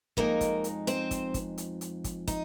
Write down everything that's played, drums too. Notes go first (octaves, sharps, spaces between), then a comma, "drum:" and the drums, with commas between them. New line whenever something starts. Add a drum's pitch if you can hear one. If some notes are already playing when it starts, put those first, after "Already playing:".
F2 F3 G#3 A#3 D#4 A#4, drum: kick
drum: kick, hi-hat
drum: hi-hat
C4 C5, drum: hi-hat
drum: kick, hi-hat
drum: kick, hi-hat
drum: hi-hat
drum: hi-hat
drum: kick, hi-hat
D#4, drum: kick, hi-hat